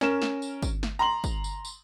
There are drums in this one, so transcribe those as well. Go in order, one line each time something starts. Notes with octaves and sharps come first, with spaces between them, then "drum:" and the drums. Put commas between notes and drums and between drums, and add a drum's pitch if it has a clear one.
C#4 A#4 E7, drum: snare
drum: snare
drum: tambourine
drum: kick, tambourine
drum: snare
A#5 C6 F#7
drum: kick, tambourine
drum: tambourine
drum: tambourine